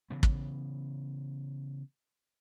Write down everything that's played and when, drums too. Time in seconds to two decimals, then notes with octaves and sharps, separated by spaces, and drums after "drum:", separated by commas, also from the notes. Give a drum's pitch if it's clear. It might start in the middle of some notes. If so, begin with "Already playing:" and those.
0.10 C#3 E3 B3
0.23 drum: kick